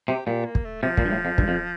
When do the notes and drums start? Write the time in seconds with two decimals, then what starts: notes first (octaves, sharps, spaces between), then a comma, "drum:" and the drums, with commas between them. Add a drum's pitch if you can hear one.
0.08 C3 G4
0.26 A#2 G4
0.45 A#3
0.55 drum: kick
0.65 A3
0.83 C3 F3
0.97 A#2, drum: kick
1.05 G2
1.11 A2
1.25 F2
1.38 G2, drum: kick
1.48 F2